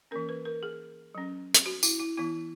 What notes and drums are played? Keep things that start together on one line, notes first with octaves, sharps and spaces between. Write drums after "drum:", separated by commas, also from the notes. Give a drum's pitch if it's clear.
E3 A#3 C#4 A#4
B4
A#4
G#4
F#3 C#4
drum: hi-hat
F#4
E4, drum: tambourine
E4
E3 B3 E4